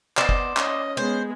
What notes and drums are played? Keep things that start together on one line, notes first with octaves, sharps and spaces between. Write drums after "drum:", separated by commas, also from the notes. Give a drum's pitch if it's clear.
B3 C5 D5 D#5, drum: clap
drum: kick F#1
C#4 D#5, drum: clap
G#3 B3 C5